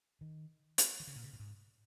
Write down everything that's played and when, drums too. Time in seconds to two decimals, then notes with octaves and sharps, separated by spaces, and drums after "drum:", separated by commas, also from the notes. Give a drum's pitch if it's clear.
0.21 D#3
0.78 drum: hi-hat
1.00 D#3
1.07 C#3
1.16 A#2
1.24 C#3
1.33 A#2
1.39 G#2